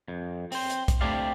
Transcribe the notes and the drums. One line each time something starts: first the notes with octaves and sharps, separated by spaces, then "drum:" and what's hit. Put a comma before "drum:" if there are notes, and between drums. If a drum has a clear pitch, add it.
F2
C4 C5, drum: open hi-hat
drum: hi-hat
drum: kick, hi-hat
A3 C4 D4 G4 D5 F5